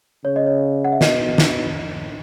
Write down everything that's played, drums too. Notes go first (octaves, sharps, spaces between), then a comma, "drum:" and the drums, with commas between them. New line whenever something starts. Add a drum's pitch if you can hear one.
C#3 C#5
D#5
C#5
F#5
E5
B2 D#5, drum: snare
drum: snare